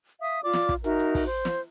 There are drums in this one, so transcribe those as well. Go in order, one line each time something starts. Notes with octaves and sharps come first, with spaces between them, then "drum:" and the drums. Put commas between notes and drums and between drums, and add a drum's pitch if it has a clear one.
E5 F5 D#6
F4 D5 D6
drum: snare
drum: kick, hi-hat
D#4 F#4 A#4 E5, drum: hi-hat
drum: hi-hat
drum: kick, open hi-hat
C5
drum: snare